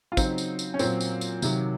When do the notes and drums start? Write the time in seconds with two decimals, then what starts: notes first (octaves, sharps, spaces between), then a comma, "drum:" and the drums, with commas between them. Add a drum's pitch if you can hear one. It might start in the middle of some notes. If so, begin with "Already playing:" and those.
0.12 F4
0.17 C#3 F#3 C4 D#4, drum: kick, tambourine
0.38 drum: tambourine
0.59 drum: tambourine
0.74 C#4
0.79 A#2 F#3 C4, drum: tambourine
1.01 drum: tambourine
1.21 drum: tambourine
1.42 C3 D#3 F#3, drum: tambourine